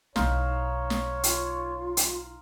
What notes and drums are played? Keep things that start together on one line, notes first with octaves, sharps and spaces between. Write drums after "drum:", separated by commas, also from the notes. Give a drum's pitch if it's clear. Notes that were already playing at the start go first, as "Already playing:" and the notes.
B1 D#4 E4 C5 C#5 F5, drum: snare
drum: snare
F4, drum: hi-hat
drum: hi-hat